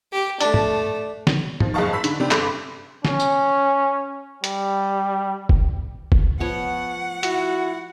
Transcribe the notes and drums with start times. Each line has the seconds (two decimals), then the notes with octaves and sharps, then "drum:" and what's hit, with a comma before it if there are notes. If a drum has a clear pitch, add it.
0.12 G4
0.41 A3 D4, drum: hi-hat
0.54 drum: tom
1.27 drum: snare
1.60 D#3 F3, drum: tom
1.74 F#1 G#3 D#5 F5 A5 C#6
1.93 B5 E6 B6
2.04 D3, drum: hi-hat
2.20 C3 D4 G4 B5
2.31 G1 G2 A4 C6 D6, drum: clap
3.05 C#4, drum: snare
3.20 drum: tambourine
4.44 G3, drum: hi-hat
5.49 drum: kick
6.12 drum: kick
6.40 F3 B3 C#5 F#5
7.23 E4 F#4, drum: hi-hat